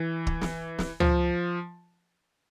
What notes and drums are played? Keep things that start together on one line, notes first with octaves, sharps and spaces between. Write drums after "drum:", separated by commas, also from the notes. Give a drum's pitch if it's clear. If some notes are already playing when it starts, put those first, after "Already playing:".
Already playing: E3
drum: kick
drum: snare
drum: snare
F3, drum: tom